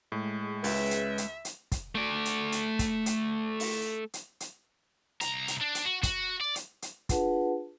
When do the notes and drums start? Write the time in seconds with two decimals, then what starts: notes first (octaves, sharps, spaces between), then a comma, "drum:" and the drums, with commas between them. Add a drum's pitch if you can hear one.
0.12 A2 G#3
0.64 C#2 C#4 G#4 B4 E5, drum: open hi-hat
0.91 drum: hi-hat
1.18 drum: hi-hat
1.45 drum: hi-hat
1.72 drum: kick, hi-hat
1.95 A3 D5
2.25 drum: hi-hat
2.52 drum: hi-hat
2.79 drum: kick, hi-hat
3.06 drum: hi-hat
3.60 drum: open hi-hat
4.14 drum: hi-hat
4.40 drum: hi-hat
5.21 C2 A#5, drum: hi-hat
5.48 drum: hi-hat
5.61 D4
5.75 drum: hi-hat
5.85 F#4
6.03 F#4, drum: kick, hi-hat
6.41 D5
6.55 drum: hi-hat
6.82 drum: hi-hat
7.09 D4 F4 G#4 B4 F#5 A5, drum: kick, hi-hat